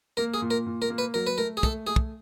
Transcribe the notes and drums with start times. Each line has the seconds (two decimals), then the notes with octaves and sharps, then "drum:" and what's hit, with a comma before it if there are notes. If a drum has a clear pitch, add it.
0.17 A#3 A#4
0.34 G#4
0.42 A#2
0.51 A#4
0.66 A#2
0.82 A#4
0.90 A#3
0.98 B4
1.14 F#3 A#4
1.27 B4
1.38 A3 A#4
1.57 G#4
1.63 A3 A4, drum: kick
1.87 A3 G#4
1.96 drum: kick